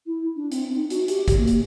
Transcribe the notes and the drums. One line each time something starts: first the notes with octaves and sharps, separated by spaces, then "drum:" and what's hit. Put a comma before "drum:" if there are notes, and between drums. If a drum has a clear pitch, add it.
E4
D4
C4, drum: hi-hat
D#4
F#4, drum: hi-hat
G4, drum: hi-hat
drum: kick, hi-hat
A#3
drum: hi-hat